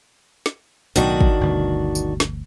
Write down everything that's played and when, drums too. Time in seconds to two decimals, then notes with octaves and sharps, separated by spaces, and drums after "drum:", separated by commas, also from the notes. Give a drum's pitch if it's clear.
0.46 drum: snare
0.96 B1 A2 D#3 D4 F#4, drum: tambourine
1.21 drum: kick
1.41 G1 D2 B2
1.95 drum: tambourine
2.20 drum: snare